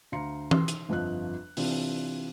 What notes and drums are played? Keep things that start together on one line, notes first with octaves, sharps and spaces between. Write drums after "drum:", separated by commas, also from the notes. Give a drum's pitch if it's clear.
D2 F5 A#5 C6 C#7
C6, drum: tom E3
drum: hi-hat
G1 F2 F3 D#5 F#6
C3 E3 C4 D4 F4, drum: open hi-hat